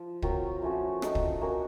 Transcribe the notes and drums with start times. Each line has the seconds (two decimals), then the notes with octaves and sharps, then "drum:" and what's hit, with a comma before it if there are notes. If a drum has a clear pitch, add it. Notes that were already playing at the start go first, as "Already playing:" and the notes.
Already playing: F3 C5
0.22 F#3 C4 F4 A#4, drum: kick
0.62 F3 A3 C#4 F#4
1.02 C4 D#4 A4, drum: rim click
1.15 drum: kick
1.41 A#3 C#4 F#4 A#4